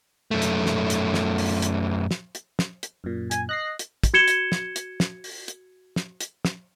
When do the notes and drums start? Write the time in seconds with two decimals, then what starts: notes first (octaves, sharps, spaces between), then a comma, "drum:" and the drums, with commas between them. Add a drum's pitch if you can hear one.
0.31 F#2 A3
0.42 drum: hi-hat
0.66 drum: snare
0.90 drum: hi-hat
1.14 drum: snare
1.38 drum: open hi-hat
1.62 drum: hi-hat
2.11 drum: snare
2.35 drum: hi-hat
2.59 drum: snare
2.83 drum: hi-hat
3.04 F#2 A#2
3.31 G#5, drum: hi-hat
3.49 D#5 F#6 A#6 C7
3.79 drum: hi-hat
4.03 drum: kick, hi-hat
4.14 F#4 G#6 C#7 E7 G7
4.28 drum: hi-hat
4.52 drum: snare
4.76 drum: hi-hat
5.00 drum: snare
5.24 drum: open hi-hat
5.48 drum: hi-hat
5.96 drum: snare
6.20 drum: hi-hat
6.45 drum: snare